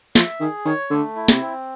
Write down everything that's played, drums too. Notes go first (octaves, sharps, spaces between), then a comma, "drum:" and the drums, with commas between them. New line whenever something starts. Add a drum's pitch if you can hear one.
F3 E5, drum: snare
D#3 G#4
D#3 C#5
D3 A3
E4
C3, drum: snare
C4